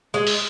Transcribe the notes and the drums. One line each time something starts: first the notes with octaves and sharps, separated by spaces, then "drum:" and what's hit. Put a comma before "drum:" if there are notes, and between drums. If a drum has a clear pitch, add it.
G#3
drum: open hi-hat